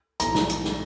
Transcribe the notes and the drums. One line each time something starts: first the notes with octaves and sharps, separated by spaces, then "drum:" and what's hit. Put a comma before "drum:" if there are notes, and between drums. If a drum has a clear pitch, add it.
B1 A2 E3 A#5, drum: hi-hat
drum: snare
drum: hi-hat
drum: snare